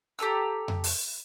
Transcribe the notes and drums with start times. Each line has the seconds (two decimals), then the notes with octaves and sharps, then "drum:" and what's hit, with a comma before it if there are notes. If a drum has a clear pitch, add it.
0.19 G4 A4 A#5 E6
0.68 drum: tom F2
0.84 drum: open hi-hat